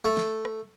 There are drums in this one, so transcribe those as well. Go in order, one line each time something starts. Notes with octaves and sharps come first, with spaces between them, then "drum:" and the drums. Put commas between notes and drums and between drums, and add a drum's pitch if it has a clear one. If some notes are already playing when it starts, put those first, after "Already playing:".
A3
drum: snare
drum: rim click